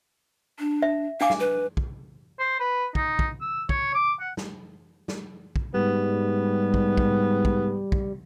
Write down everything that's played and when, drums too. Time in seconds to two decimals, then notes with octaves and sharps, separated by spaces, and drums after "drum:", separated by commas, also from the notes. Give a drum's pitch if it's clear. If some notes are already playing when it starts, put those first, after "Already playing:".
0.59 D4
0.82 E5
1.21 D4 F5 G#5 D6
1.30 drum: snare
1.40 B4
1.77 drum: kick
2.40 C5
2.60 B4
2.95 D#4, drum: kick
3.19 drum: kick
3.41 E6
3.69 C#5, drum: kick
3.94 D6
4.20 F#5
4.37 drum: snare
5.08 drum: snare
5.56 drum: kick
5.74 G#2 G3 B3
6.74 drum: kick
6.98 drum: kick
7.45 drum: kick
7.92 drum: kick